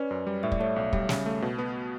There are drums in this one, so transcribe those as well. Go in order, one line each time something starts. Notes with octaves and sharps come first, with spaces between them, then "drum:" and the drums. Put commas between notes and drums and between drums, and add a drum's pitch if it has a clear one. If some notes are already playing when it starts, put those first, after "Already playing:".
Already playing: C#4 B4 D5
F#2
G3
A2 E5
D5, drum: kick
A3 C#5 E5
B1
G3, drum: kick
C#3, drum: snare
A3
B2
B3